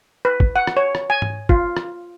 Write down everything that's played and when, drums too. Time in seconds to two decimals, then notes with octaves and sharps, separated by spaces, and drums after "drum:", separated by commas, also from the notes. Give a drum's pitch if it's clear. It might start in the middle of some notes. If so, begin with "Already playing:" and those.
0.25 B4
0.40 drum: kick
0.56 F#5
0.67 drum: rim click
0.77 C#5
0.95 drum: rim click
1.10 G#5
1.22 drum: tom G#2
1.49 F4, drum: kick
1.77 drum: rim click